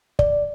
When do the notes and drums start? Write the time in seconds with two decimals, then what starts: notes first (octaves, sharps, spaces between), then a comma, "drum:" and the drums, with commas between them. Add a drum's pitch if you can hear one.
0.19 D5, drum: kick